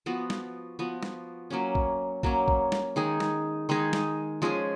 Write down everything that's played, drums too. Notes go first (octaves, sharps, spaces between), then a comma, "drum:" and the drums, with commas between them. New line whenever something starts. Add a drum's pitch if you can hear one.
F3 B3 F#4
drum: snare
F3 B3 F#4
drum: snare
F#3 A#3 C#4
drum: kick A#1
F#3 A#3 C#4, drum: kick A#1
drum: kick A#1
drum: snare
D#3 G#3 D#4 G#4
drum: snare
D#3 G#3 D#4 G#4
drum: snare
F3 G#3 C#4 G#4